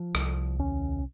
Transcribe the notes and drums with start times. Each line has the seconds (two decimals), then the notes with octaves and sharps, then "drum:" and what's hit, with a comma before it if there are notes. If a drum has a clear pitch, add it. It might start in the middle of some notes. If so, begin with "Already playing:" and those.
Already playing: F3
0.15 C2, drum: rim click
0.59 D#2 C#4